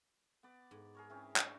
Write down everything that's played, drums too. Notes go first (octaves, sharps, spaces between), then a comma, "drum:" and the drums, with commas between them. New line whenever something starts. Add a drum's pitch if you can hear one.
B3 D5
G#2
G#4 A#4 C#5
E3 C4 C#4
D4, drum: clap